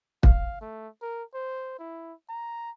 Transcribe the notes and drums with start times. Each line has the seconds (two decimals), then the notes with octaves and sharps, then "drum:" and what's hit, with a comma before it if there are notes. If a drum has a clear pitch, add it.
0.23 F5, drum: kick
0.61 A3
1.02 A#4
1.34 C5
1.79 E4
2.29 A#5